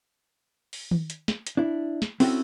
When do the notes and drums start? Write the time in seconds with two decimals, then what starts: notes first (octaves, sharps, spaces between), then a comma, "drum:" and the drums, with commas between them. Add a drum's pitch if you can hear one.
0.73 drum: open hi-hat
0.91 drum: tom D#3
1.10 drum: hi-hat
1.28 drum: snare
1.47 drum: hi-hat
1.57 D4 E4
2.02 drum: snare
2.20 C4 C#4 E4 F#4 A4, drum: open hi-hat